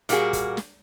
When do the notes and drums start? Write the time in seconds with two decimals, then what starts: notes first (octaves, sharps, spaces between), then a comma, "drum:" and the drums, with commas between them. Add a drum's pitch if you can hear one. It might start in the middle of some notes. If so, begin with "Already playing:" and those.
0.09 A#2 G3 A#3 F#4 G#4, drum: hi-hat
0.33 drum: kick, hi-hat
0.57 drum: snare